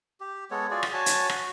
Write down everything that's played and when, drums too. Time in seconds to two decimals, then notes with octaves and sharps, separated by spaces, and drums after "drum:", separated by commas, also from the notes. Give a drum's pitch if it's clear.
0.21 G4
0.51 G#3 B3 A4 C#5
0.71 F4 F#4 G#4 D5
0.83 drum: rim click
0.93 F#4 C#5 G#5 A5
1.06 drum: hi-hat
1.30 F#4, drum: rim click